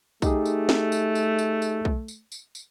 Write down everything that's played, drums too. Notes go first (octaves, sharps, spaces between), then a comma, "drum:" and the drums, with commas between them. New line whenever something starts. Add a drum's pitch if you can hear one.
A3 D#4 G4 G#4, drum: kick, tambourine
drum: tambourine
drum: snare
drum: tambourine
drum: tambourine
drum: tambourine
drum: tambourine
drum: kick
drum: tambourine
drum: tambourine
drum: tambourine